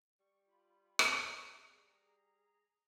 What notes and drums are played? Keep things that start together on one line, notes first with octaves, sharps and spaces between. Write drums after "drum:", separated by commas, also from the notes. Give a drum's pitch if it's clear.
G3 C#6
F4 B5
drum: rim click
E3 A#3 G#4
G3 G#4 A#5